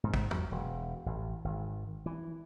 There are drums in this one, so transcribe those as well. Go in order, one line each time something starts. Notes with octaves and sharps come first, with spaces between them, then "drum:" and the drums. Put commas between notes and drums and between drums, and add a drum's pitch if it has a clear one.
G#2
drum: kick
F#3, drum: tom
E1
A1
G#1
E3